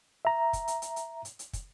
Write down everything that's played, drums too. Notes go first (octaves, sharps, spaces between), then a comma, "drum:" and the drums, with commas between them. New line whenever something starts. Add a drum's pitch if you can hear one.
E5 A#5
drum: kick, hi-hat
drum: hi-hat
drum: hi-hat
drum: hi-hat
drum: hi-hat
drum: hi-hat
drum: kick, hi-hat